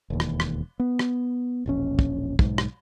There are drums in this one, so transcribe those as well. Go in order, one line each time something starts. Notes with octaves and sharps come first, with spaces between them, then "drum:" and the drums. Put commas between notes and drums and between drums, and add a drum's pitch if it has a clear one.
E1 D#2
drum: rim click
drum: rim click
B3
drum: rim click
E1 A#1 C#4
drum: kick
B1 G#2, drum: kick
drum: rim click